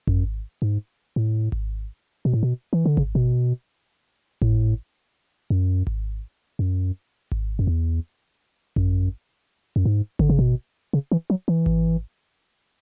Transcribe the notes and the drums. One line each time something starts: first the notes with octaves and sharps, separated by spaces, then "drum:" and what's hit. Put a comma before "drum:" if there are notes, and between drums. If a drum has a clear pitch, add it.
F#2, drum: kick G#1
G#2
A2
drum: kick G#1
B2
A2
B2
E3
D3
C#3, drum: kick G#1
B2
A2, drum: kick G#1
F#2
drum: kick G#1
F#2
drum: kick G#1
F#2
E2
F#2, drum: kick G#1
F#2
G#2
D3, drum: kick G#1
C#3
B2
C#3
E3
F#3
E3
drum: kick G#1